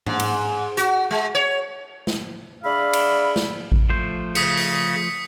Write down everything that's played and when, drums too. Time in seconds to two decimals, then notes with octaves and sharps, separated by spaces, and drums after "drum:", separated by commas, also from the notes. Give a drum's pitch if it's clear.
0.06 G#2, drum: tom G#2
0.20 drum: cymbal
0.77 F#4, drum: hi-hat
1.11 G#3
1.35 C#5
2.07 drum: snare
2.64 D4 G#4 D5 E5 F5 B5
2.93 drum: cymbal
3.36 drum: snare
3.72 drum: kick A1
3.90 F3 A3 C5
4.35 C#3 D#6 B6 C#7, drum: cymbal
4.57 drum: open hi-hat